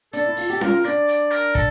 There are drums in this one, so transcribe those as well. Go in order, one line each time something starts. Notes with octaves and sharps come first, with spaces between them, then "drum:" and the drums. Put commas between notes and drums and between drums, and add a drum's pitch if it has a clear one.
D4 A4, drum: hi-hat
E4
F4, drum: open hi-hat
G4
F4 A#4, drum: snare C#4
D4 D5, drum: hi-hat
D5, drum: hi-hat
A#4, drum: hi-hat
A4, drum: kick, hi-hat